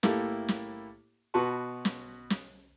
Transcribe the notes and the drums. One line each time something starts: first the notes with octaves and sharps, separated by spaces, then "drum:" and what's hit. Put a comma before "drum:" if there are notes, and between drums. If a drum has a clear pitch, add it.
A2 A#3 E4 G4 A4, drum: snare
drum: snare
B2 F#4 B4 A5 C6
drum: snare
drum: snare